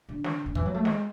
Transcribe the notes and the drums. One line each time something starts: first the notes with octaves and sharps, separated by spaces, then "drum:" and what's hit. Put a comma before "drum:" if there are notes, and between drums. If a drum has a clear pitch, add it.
D3
drum: snare
D3
E3, drum: kick
F#3
A3
G#3, drum: snare